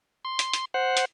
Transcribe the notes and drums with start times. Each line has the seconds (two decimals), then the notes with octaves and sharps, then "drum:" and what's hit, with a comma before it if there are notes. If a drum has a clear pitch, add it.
0.25 C6
0.39 drum: hi-hat
0.53 drum: hi-hat
0.74 C5 F#5
0.97 drum: hi-hat